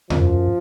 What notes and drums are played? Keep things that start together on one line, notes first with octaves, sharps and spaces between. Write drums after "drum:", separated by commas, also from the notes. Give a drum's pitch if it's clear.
F#2 F3, drum: tom E2